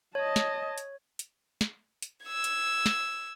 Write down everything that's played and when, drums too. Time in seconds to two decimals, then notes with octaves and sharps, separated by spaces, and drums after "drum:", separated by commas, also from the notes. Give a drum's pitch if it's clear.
0.15 C#5 D#5 A5
0.36 drum: snare
0.78 drum: hi-hat
1.19 drum: hi-hat
1.61 drum: snare
2.02 drum: hi-hat
2.26 E6 G#6
2.44 drum: hi-hat
2.86 drum: snare